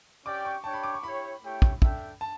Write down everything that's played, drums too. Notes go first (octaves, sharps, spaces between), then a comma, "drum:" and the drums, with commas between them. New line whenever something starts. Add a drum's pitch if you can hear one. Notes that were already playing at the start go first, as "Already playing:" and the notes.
C#4 G4 D5 G5 D6
C#6
D4 G4 C#5 G5 A5
B5
D6
C#6
E4 G4 C#5 G5 B5
A3 E4 G4 C#5 G5
drum: kick
D4 A4 E5 G5, drum: kick
A5